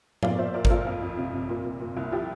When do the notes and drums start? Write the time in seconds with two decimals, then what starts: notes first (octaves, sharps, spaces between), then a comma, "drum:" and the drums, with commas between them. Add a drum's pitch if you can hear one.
0.23 A#2 D5 F5, drum: tom
0.38 A#2 C5 E5
0.54 A#2 A#4 D5
0.65 A#4, drum: kick G#1
0.70 A#2 F4 A4
0.86 F2 F4
1.02 F2
1.17 C3
1.34 C3
1.49 A#2
1.65 A#2
1.80 A#2
1.97 C2
2.12 F3 E4 G4